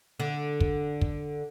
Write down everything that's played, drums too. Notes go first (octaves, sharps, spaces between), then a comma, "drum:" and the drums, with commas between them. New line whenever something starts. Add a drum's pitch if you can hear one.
D3
drum: kick
drum: kick